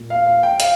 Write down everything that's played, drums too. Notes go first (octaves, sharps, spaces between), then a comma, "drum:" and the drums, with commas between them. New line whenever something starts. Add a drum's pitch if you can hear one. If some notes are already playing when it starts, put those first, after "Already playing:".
Already playing: A#2
F5
F5
G5
F5, drum: hi-hat